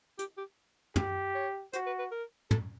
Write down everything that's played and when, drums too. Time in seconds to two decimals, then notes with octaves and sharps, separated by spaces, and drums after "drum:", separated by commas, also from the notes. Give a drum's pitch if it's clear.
0.19 G4, drum: hi-hat
0.38 G4
0.96 G4, drum: tom
1.35 C#5
1.73 F#4 C5, drum: hi-hat
1.87 B4
1.99 B4
2.12 A#4
2.51 A4, drum: tom